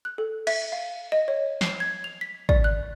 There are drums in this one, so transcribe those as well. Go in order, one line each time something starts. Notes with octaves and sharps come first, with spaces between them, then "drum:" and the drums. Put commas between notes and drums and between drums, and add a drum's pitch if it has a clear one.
F#6
A4
E5, drum: cymbal
F5
D#5
C#5
C7, drum: snare
G#6
F7
B6
D5, drum: kick
F#6